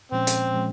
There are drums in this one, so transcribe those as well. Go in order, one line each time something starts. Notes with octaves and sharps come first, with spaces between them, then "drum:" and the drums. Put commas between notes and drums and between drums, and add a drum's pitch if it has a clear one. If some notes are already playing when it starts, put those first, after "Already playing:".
A#2 F3 G#3 C4 C#4
drum: hi-hat
A#2 F3 G#3 C#4